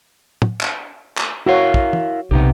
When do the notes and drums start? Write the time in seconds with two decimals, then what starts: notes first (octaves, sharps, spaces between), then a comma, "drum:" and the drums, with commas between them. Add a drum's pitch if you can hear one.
0.42 drum: tom
0.61 drum: clap
1.17 drum: clap
1.46 E4 F#4 A#4 C#5 F5
1.74 drum: kick
1.93 drum: tom
2.31 B1 C3 B3 D#4 G4